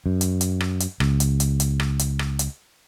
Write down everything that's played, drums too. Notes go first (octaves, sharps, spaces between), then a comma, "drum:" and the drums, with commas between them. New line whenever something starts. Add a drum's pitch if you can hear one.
F#2
drum: hi-hat
drum: hi-hat
drum: rim click
drum: hi-hat
C#2, drum: rim click
drum: hi-hat
drum: hi-hat
drum: hi-hat
drum: rim click
drum: hi-hat
drum: rim click
drum: hi-hat